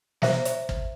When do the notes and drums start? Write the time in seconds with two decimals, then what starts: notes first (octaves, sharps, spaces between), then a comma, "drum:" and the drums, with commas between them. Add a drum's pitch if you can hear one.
0.22 C5 E5 A#5, drum: snare
0.45 drum: hi-hat
0.69 drum: kick